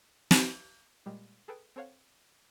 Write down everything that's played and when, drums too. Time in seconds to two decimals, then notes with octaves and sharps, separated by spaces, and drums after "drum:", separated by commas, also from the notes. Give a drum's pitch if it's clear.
0.31 drum: snare
1.06 A#2 G3 G#3 G4
1.48 G#4 A4 B4 G5
1.76 C4 A4 C5 C#5 F5 F#5